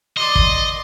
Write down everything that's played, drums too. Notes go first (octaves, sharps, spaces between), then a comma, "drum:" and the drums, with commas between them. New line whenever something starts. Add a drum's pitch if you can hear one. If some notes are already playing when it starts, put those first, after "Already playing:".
D5 D#5 C6
drum: kick